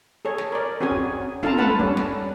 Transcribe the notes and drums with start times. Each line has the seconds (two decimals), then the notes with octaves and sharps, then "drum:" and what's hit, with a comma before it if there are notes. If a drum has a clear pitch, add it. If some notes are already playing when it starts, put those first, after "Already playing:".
0.25 G#4 A4 C#5
0.38 drum: snare
0.52 A#4 D5
0.81 C4 C#4 F#4 G#4 G#5
0.91 drum: kick
1.43 F4 A4 F5 A5 A#5, drum: tom
1.58 A4 B4 F#5 A5 B5
1.79 G3 C#4 D4, drum: kick
1.97 drum: snare